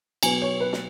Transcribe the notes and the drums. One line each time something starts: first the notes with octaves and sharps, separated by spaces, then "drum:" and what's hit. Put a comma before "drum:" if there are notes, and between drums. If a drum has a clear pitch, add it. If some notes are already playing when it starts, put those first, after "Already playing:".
B2 F#3 B3 G#5, drum: cymbal
C#5
B4
drum: snare